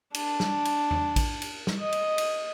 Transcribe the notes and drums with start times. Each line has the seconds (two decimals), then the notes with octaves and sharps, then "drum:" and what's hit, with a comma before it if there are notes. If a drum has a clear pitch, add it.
0.14 D4, drum: cymbal
0.40 drum: snare
0.65 drum: cymbal
0.91 drum: tom E2
1.16 drum: kick A1, cymbal
1.42 drum: cymbal
1.67 drum: snare
1.81 D#5
1.93 drum: cymbal
2.18 drum: cymbal